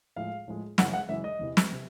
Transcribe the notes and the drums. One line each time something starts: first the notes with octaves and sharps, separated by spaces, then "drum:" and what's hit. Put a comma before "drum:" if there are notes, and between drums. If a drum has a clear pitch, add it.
A2 F3 G#3 F5
A2 F3 G#3
F#2 C#3 E3 G#3 F#5, drum: snare
F#5
F#2 C#3 E3 G#3 E5
D#5
E2 C3 E3
drum: snare
C3